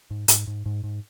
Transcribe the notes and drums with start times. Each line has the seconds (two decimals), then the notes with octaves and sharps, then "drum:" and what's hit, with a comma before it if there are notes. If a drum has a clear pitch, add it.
0.11 G#2
0.28 G#2, drum: hi-hat
0.47 G#2
0.66 G#2
0.84 G#2